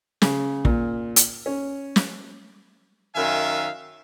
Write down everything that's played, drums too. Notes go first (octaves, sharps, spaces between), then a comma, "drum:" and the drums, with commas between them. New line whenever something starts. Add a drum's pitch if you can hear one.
C#3, drum: snare
A#2, drum: kick
drum: hi-hat
C#4
drum: snare
F#2 D#3 E5 F5 G#5